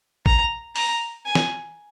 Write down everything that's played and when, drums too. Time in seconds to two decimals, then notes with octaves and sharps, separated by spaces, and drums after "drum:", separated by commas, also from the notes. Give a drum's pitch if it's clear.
0.26 A#5, drum: kick A1
0.76 A#5, drum: open hi-hat
1.26 G#5
1.35 drum: snare